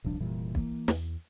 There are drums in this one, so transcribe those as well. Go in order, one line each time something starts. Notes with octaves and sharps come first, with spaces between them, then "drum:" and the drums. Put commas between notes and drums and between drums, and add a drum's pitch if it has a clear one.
D#1 C2 F3 D4
F1 A#2 E3 G3
E3 A#3, drum: kick
E2, drum: snare